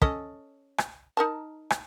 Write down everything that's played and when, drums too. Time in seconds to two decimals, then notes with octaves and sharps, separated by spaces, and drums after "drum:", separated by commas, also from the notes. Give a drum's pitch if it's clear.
0.02 C#4 A4 D#5, drum: kick
0.78 drum: rim click
1.17 D#4 A#4 A5
1.70 drum: rim click